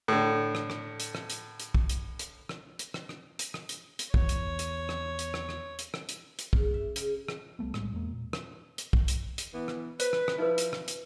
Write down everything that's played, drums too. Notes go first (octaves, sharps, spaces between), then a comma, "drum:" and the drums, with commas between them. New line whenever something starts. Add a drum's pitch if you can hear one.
A2 D3
drum: rim click
drum: rim click
drum: hi-hat
drum: rim click
drum: hi-hat
drum: hi-hat
drum: kick
drum: hi-hat
drum: hi-hat
drum: rim click
drum: hi-hat
drum: rim click
drum: rim click
drum: hi-hat
drum: rim click
drum: hi-hat
drum: hi-hat
E2 C#5, drum: kick
drum: hi-hat
drum: hi-hat
drum: rim click
drum: hi-hat
drum: rim click
drum: rim click
drum: hi-hat
drum: rim click
drum: hi-hat
drum: hi-hat
C#3, drum: kick
E5
C#3, drum: hi-hat
drum: rim click
C2 G3 A3 B3
A#1 A2 G3 G#3, drum: rim click
E1 E2 G#3 A#3
A#2
drum: rim click
drum: hi-hat
drum: kick
drum: hi-hat
drum: hi-hat
E3 B3
drum: rim click
B4 C5, drum: hi-hat
drum: rim click
drum: rim click
F3 D#4 E4 B4
drum: hi-hat
drum: rim click
drum: hi-hat